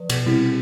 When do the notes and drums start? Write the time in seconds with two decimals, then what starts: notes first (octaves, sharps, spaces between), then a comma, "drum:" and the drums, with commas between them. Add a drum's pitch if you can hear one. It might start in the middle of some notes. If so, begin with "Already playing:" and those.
Already playing: F3 B4 D5
0.10 B2, drum: cymbal
0.26 C3 G3 C4 E4